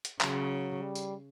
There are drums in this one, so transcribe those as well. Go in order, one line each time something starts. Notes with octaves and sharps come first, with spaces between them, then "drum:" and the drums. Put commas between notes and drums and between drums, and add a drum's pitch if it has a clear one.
drum: hi-hat
C#3 F#3, drum: clap
G3
drum: tambourine